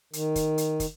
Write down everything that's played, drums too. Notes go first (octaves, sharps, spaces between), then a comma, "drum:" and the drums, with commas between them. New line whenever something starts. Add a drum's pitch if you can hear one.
D#3, drum: hi-hat
drum: kick, hi-hat
drum: hi-hat
drum: kick, hi-hat